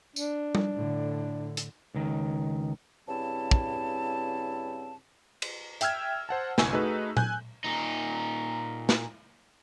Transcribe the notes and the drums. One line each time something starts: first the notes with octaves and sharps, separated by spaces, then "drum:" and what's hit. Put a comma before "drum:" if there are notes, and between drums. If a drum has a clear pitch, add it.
D4, drum: tambourine
drum: tom G3
A2 D3
drum: hi-hat
C#2 D#3
G2 C#3 C4 E4 A5
drum: kick
drum: cymbal
E5 G5 E6 F6 G#6, drum: hi-hat
C5 F#5 A5
G1 C2 G#5 C#6 E6, drum: snare
A3 D#4 F#4 G#4 B4
G#5 F#6 G6, drum: tom A#2
A#2 D#4
drum: snare